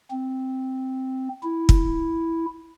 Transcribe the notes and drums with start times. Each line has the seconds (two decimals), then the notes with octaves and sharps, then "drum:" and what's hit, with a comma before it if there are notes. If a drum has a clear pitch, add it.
0.11 C4
1.43 E4
1.69 drum: kick